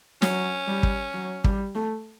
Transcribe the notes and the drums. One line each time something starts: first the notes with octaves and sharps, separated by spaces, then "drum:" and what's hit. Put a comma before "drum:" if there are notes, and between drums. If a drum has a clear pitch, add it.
F#3 C#4, drum: snare
G3
drum: kick
F#3
G3, drum: kick
A3